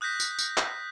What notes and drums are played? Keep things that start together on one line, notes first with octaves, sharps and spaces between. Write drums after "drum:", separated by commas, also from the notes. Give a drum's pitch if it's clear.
D#6 F#6 G6 A#6 B6
drum: tambourine
drum: tambourine
drum: clap